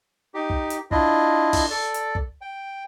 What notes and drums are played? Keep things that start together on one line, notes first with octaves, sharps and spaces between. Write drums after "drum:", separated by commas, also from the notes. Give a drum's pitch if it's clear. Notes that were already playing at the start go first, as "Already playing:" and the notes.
D#4 G4
drum: kick
drum: hi-hat
D4 E4 F4 D#5, drum: kick
drum: kick, open hi-hat
A4 D5
drum: hi-hat
drum: kick
G5